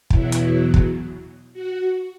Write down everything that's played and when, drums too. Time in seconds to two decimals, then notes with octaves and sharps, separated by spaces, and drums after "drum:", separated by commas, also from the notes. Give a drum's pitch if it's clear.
0.10 E2 B2 F#3 E4, drum: kick
0.32 drum: hi-hat
0.74 drum: kick
1.54 F#4